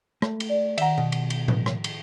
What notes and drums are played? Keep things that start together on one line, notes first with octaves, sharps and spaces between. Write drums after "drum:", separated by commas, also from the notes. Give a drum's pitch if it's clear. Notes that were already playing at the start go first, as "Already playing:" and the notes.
A3, drum: rim click
drum: cymbal
D5
D#3 E5 F#5 A#5, drum: cymbal
B2
drum: cymbal
drum: cymbal
drum: tom A2
drum: rim click
drum: cymbal